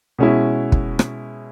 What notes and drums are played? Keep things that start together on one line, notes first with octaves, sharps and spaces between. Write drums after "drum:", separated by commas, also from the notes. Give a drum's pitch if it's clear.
B2 G#3 C#4 E4
drum: kick
drum: rim click